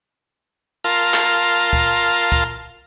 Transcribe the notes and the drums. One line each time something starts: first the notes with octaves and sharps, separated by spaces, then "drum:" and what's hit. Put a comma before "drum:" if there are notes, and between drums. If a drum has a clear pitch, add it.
F4 A#4 F5 A5 C6
drum: clap
drum: kick
drum: kick